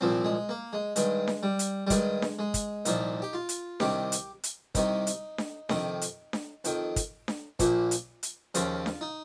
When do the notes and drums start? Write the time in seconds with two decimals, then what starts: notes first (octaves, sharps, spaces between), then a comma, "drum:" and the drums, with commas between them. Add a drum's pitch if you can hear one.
0.01 C2 A#2 F3 C4
0.25 G#3
0.49 A#3
0.73 G#3
0.96 G2 D#3 G#3, drum: hi-hat
1.28 drum: snare D4
1.43 G3
1.59 drum: hi-hat
1.87 G3
1.90 G2 D#3 G#3, drum: kick, hi-hat
2.22 drum: snare D4
2.39 G#3
2.54 drum: kick, hi-hat
2.85 C2 A#2 F3 D#4, drum: hi-hat
3.22 G4
3.33 F4
3.49 drum: hi-hat
3.80 C2 C3 D#3 G4, drum: snare D4
4.12 drum: hi-hat
4.43 drum: hi-hat
4.75 C2 C3 D#3 D#4, drum: kick, hi-hat
5.07 drum: hi-hat
5.38 drum: snare D4
5.69 F2 C3 D#3, drum: snare D4
6.01 drum: hi-hat
6.33 drum: snare D4
6.64 F2 D#3, drum: hi-hat
6.96 drum: kick, hi-hat
7.28 drum: snare D4
7.59 A#1 A#2 F3, drum: kick, hi-hat
7.91 drum: hi-hat
8.23 drum: hi-hat
8.55 D#2 C#3 F3 F4, drum: hi-hat
8.86 drum: snare D4
9.01 D#4